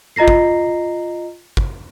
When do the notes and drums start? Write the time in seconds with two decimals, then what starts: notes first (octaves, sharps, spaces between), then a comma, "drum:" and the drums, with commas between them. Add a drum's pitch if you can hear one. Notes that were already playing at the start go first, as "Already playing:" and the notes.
0.16 F4 D#5 A#5 A#6 C7
0.28 drum: kick
1.57 drum: kick